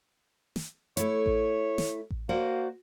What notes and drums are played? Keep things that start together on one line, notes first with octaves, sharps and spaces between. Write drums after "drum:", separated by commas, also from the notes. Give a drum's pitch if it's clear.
drum: snare
A3 E4 C#5, drum: hi-hat
drum: kick A1
drum: snare
drum: kick A1
A#3 F#4 C5 D5